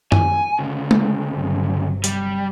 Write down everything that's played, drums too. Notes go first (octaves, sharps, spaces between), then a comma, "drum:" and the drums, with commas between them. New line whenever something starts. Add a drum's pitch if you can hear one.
G#5, drum: tom F#2
D2 C#3
drum: tom G#3
G1 C3 F#3
G3, drum: hi-hat